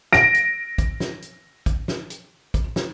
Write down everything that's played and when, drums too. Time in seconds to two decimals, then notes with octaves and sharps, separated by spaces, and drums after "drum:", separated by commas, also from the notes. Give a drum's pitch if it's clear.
0.13 A#6 D7, drum: snare
0.34 drum: hi-hat
0.78 drum: kick A1, hi-hat
1.00 drum: snare
1.22 drum: hi-hat
1.66 drum: kick A1, hi-hat
1.88 drum: snare
2.10 drum: hi-hat
2.54 drum: kick A1, hi-hat
2.76 drum: snare